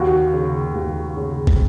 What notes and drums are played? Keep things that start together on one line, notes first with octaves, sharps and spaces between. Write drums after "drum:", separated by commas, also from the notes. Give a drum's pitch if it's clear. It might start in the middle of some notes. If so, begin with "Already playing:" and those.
Already playing: D#2 F#4
C#3
D#2
C#3
drum: kick